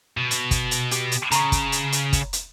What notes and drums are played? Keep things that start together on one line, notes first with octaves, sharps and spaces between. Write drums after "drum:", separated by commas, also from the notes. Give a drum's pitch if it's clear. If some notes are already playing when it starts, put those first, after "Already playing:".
B2
drum: hi-hat
drum: kick, hi-hat
drum: hi-hat
G4, drum: hi-hat
drum: hi-hat
C#3 A#5 B5 C#6, drum: hi-hat
drum: kick, hi-hat
drum: hi-hat
drum: hi-hat
drum: kick, hi-hat
drum: hi-hat